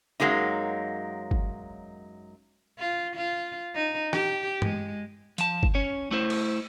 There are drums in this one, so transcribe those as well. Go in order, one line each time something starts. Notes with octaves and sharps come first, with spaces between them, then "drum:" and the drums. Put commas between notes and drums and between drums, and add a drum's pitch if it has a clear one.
F#2 F#3 G#3 A#3 D#4
drum: kick G1
F4
F4
D#4
G4, drum: rim click
G#3, drum: tom
F3 A5, drum: hi-hat
drum: kick G1
C#4 C#5
A3 E4 C5
drum: cymbal